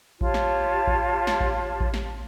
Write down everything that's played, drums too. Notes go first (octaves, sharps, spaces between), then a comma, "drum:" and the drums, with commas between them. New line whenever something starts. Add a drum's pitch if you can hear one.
F4 G4 C#5 A5, drum: kick A1
drum: snare
drum: kick A1
drum: snare
drum: kick A1
drum: kick A1
drum: snare